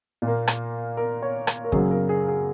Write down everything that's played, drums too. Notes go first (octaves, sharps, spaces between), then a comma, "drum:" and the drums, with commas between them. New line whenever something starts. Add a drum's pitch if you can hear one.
A#2
A#3
drum: rim click
A#4
C#5
drum: rim click
A#4
F#2 C#3 F#3 A#3 G#4, drum: kick
A#4
G#4
G#4